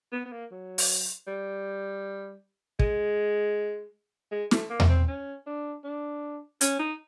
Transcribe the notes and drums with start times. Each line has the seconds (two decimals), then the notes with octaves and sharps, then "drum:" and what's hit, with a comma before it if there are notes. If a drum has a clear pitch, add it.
0.12 B3
0.25 B3
0.32 A#3
0.52 F#3
0.78 drum: open hi-hat
1.27 G3
2.79 G#3, drum: kick
4.32 G#3
4.51 A3, drum: snare
4.70 A#3
4.80 drum: tom E2
4.89 C4
5.08 C#4
5.47 D4
5.84 D4
6.61 C#4, drum: hi-hat
6.79 D#4